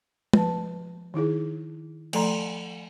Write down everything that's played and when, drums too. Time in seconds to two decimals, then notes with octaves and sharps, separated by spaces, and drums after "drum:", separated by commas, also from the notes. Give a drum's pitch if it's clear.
0.33 F3 B4 A5, drum: tom
1.14 D#3 D#4 E4 G#4
2.13 F3 A3 A4 D5 A#5 C6, drum: cymbal